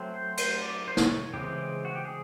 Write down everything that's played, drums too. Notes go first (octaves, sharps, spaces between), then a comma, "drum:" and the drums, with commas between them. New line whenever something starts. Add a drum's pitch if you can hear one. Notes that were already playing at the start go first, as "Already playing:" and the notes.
Already playing: F#3 A3 C4
C5
C5, drum: cymbal
D5
C5
C#5, drum: snare
C#3 E3 G#3 C4 G4
F#4
G4
G#4